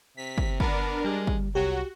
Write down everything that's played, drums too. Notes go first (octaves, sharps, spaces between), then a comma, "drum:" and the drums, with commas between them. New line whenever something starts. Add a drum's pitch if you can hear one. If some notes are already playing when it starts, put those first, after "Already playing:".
C3 B6
drum: kick
B3 D4 A#4, drum: kick
G3 G#3
drum: kick
C2 F#3 F#4 G4